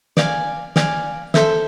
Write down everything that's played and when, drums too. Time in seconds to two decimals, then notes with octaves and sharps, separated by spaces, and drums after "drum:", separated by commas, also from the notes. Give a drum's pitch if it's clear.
0.17 D5 F5 G#5, drum: snare
0.76 D5 F5 G#5, drum: snare
1.34 A4 C5 E5, drum: snare